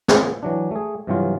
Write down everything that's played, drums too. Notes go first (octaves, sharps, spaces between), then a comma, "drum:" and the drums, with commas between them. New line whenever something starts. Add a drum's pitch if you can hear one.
A#3 B3 F4 G#4 C5, drum: snare
E3 F#3 D4
A3 G#4
G2 C3 E3 F#3 F4